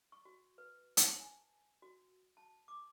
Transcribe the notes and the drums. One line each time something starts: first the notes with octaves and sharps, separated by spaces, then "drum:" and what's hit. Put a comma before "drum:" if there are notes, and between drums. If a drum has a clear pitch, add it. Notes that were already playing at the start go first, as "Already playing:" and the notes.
C#6
F#4
B4
A5, drum: hi-hat
G#5
F#4
A5
D6